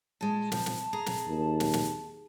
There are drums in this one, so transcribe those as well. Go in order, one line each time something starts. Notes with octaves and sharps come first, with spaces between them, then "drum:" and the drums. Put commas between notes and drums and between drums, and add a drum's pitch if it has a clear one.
A#2 G#3 A5
F3, drum: snare
drum: snare
G#4 A#5
drum: snare
D#2
drum: snare
drum: snare